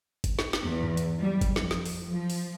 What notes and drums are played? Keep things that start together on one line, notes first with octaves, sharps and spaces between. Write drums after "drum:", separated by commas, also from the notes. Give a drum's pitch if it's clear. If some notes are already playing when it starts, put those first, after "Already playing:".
drum: kick G1, hi-hat
drum: snare
drum: snare
E2
drum: tom G2
drum: hi-hat
G3
drum: kick G1, hi-hat
F2, drum: snare
drum: snare
drum: open hi-hat
F3
drum: open hi-hat